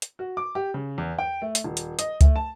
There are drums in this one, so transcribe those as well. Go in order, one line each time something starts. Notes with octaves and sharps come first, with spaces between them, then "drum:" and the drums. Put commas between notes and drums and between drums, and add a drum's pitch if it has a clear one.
drum: hi-hat
F#4
D6
G4
C#3
E2
G5
A3
drum: hi-hat
D#1
drum: hi-hat
D#5, drum: hi-hat
A3, drum: kick C#2, hi-hat
A5